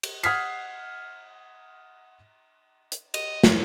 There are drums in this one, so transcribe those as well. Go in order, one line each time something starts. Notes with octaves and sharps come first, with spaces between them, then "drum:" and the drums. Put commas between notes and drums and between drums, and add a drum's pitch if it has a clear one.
drum: cymbal
F#5 D#6 F6 G#6 B6 C7, drum: cymbal
drum: hi-hat
D#5, drum: cymbal
drum: snare